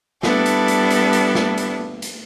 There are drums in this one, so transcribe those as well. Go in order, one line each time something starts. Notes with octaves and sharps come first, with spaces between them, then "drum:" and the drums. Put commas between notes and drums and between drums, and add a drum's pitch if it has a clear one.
G3 B3 D4 E4 A4, drum: snare
drum: hi-hat
drum: hi-hat
drum: hi-hat
drum: hi-hat
drum: snare
drum: hi-hat
drum: hi-hat